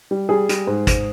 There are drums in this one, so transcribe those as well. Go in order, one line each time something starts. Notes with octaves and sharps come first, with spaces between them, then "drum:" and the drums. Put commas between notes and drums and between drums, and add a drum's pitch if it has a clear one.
G3
G3 G#4
G3, drum: hi-hat
G#2
G#2, drum: kick, hi-hat